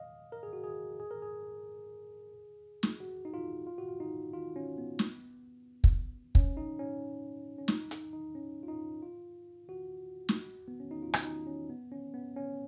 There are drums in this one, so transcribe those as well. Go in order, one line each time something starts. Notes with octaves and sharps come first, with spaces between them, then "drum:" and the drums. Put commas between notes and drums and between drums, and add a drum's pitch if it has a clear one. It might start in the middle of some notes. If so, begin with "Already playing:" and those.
Already playing: D#5 F5
A#4
G#4
F#4
G#4
G#4
A#4
G#4
drum: snare
F#4
D#4
F4
F4
F#4
F4
D#4
F4
C#4
B3
drum: snare
drum: kick
C#4, drum: kick
D#4
C#4
C#4
D#4, drum: snare
D#4, drum: hi-hat
D#4
C#4
F4
D#4
F4
F#4
drum: snare
B3
C#4
D#4
F4
drum: rim click
D#4
C#4
B3
C#4
B3
C#4